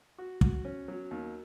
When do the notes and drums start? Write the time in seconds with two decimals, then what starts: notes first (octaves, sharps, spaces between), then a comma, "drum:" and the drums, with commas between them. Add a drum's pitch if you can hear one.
0.18 F#4
0.41 F#4, drum: kick
0.65 C#4
0.88 F#3
1.11 D#2